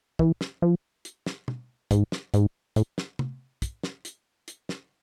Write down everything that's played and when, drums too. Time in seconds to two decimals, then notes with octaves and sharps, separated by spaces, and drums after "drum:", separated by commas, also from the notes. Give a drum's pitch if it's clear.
0.19 E3, drum: kick
0.41 drum: snare
0.62 F3
1.05 drum: hi-hat
1.26 drum: snare
1.48 drum: tom
1.91 G#2, drum: kick, hi-hat
2.12 drum: snare
2.34 G#2, drum: hi-hat
2.76 A2, drum: hi-hat
2.98 drum: snare
3.19 drum: tom C3
3.62 drum: kick, hi-hat
3.83 drum: snare
4.05 drum: hi-hat
4.48 drum: hi-hat
4.69 drum: snare